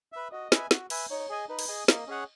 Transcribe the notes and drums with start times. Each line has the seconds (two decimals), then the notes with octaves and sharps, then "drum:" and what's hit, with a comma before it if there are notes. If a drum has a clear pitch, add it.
0.12 B4 E5
0.31 F#4 D#5
0.52 B4 E5 G#5, drum: snare
0.71 F#4, drum: snare
0.90 B4 E5 G#5, drum: cymbal
1.10 D#4 C#5
1.29 G#4 D#5 G#5
1.49 D#4 B4
1.59 drum: cymbal
1.68 G#4 D#5 G#5
1.88 A#3 D#5, drum: snare
2.07 C#4 G#4 C#5 F#5